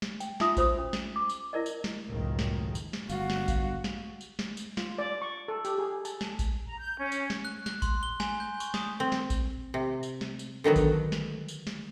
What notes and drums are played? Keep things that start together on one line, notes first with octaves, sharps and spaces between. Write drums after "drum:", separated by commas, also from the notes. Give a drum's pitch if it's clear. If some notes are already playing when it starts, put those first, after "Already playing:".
drum: snare
G5, drum: tambourine
D#4 F4 E5 D#6, drum: snare
F#4 C5 B5 D#6, drum: kick A1, tambourine
C#4
drum: snare
D6
drum: tambourine
E4 A#4 D5 D#5
drum: tambourine
drum: snare
F#1 C#2 F#2 A2 D#3
drum: snare
drum: tambourine
drum: snare
G1 F#4 F5, drum: tambourine
drum: snare
drum: kick A1, tambourine
drum: snare
drum: tambourine
drum: snare
drum: tambourine
F4, drum: snare
D5
C#6
A4
G4, drum: tambourine
G#4
A5, drum: tambourine
drum: snare
drum: kick A1, tambourine
A#5
G6
C#4
drum: tambourine
drum: snare
F#6
F#6, drum: snare
C6, drum: kick A1, tambourine
G7
G#5, drum: snare
G6
C#6, drum: tambourine
D#6, drum: snare
C4
drum: snare
drum: kick A1, tambourine
C3
drum: tambourine
drum: snare
drum: tambourine
D3 D#3 F#3 B3
drum: kick A1, tambourine
drum: snare
drum: tambourine
drum: snare